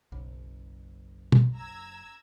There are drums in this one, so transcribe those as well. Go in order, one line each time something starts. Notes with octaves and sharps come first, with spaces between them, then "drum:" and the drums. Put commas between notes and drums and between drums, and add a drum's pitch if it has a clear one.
F#1 B1
drum: tom B2
A#5 E6 G#6